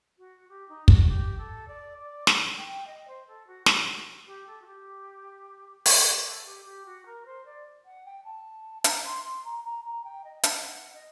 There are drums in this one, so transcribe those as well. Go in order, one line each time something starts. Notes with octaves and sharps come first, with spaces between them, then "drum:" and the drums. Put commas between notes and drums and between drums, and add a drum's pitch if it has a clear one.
F#4
G4
D#4
F#4, drum: kick
F#4
G4
A4
D5
D5
F#5, drum: snare
G5
D#5
C5
A4
F#4
F#4, drum: snare
F#4
G4
A4
F#4
G4
F#4, drum: open hi-hat
G4
A4
G4
G4
F#4
A#4
C5
D5
F#5
G5
A5
A#5, drum: hi-hat
C6
C6
A#5
A#5
A#5
G5
D#5
D#5, drum: hi-hat
F#5
D#5